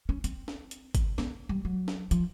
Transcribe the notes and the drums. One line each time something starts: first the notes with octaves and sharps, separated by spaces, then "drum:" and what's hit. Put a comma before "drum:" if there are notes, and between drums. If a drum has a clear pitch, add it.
C#4
C4, drum: hi-hat
drum: snare
drum: hi-hat
drum: kick, hi-hat
B3, drum: snare
G3
F#3
drum: snare
F3, drum: hi-hat